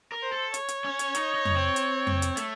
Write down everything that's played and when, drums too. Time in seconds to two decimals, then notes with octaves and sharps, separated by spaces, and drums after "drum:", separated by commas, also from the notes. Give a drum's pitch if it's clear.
0.12 A#4
0.22 C5
0.32 A4
0.54 C#5, drum: hi-hat
0.69 drum: hi-hat
0.84 C#4
0.99 drum: hi-hat
1.15 D#4, drum: hi-hat
1.34 D#4
1.45 drum: tom F2
1.55 C4
1.76 drum: hi-hat
2.07 drum: tom F2
2.22 drum: hi-hat
2.37 A3, drum: hi-hat